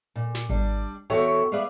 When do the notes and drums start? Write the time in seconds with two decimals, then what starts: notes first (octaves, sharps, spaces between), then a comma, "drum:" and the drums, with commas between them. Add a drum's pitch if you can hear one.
0.16 A#2
0.35 drum: snare
0.49 G3 D4, drum: kick G#1
1.10 E2 F#4 A4 C#5 E5 G5
1.52 G#4 B4 D5 E5 F5